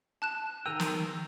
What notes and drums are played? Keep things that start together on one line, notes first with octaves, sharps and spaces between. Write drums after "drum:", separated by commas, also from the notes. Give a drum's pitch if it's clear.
A5 F#6 E7
D#3 A#4 G5 E6 D#7 F7
drum: snare